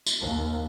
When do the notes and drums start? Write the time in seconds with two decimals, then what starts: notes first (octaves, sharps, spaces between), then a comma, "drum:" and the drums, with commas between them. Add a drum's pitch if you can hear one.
0.06 drum: tambourine
0.22 D#2